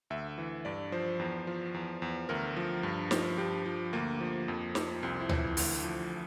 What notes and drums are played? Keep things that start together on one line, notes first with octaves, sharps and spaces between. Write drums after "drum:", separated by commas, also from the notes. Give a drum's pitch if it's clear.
D2 E5
E3
G2 D5
F3 C5
E2
F3
E2
E2
D2 A#4
F3
G2
F3, drum: snare
G2 G4
F3
D2 A#3
F3
F2
F3, drum: snare
C2 C4
E4
E3, drum: tom
E4
D2, drum: open hi-hat
F3